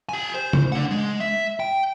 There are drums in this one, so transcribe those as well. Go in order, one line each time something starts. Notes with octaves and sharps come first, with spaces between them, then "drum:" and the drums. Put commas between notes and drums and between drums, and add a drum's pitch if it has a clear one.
G4 G#5
C5
drum: tom C#3
D4 F#5
G#3
E5
G5